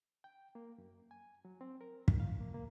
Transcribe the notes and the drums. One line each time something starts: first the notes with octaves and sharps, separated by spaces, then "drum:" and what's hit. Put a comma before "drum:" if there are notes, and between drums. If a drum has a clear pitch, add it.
G5
A#3
F#2
G#5
F#3
C4
A#4
F#2, drum: kick
F5
A#3
A#3